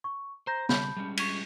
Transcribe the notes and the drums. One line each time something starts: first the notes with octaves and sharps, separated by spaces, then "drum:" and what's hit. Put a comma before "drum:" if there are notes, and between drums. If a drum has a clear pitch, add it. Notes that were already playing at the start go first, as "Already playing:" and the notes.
C#6
C5 A#5 G6 A#6
C#3 G3 A5 B5 G6, drum: snare
G3 G#3 C#4
C#6 G#6 B6, drum: cymbal